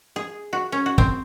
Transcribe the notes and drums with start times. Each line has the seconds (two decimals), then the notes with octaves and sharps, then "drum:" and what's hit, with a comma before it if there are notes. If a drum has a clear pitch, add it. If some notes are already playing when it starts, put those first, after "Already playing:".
0.16 G#4
0.53 F#4
0.72 C#4
0.86 F#4
0.98 C4, drum: kick